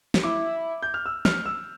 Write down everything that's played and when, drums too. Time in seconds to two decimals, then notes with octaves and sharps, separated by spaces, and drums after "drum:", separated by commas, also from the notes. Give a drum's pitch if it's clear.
0.14 drum: snare
0.24 E4 D6
0.82 G6
0.94 F6
1.06 E6
1.25 F6, drum: snare
1.46 E6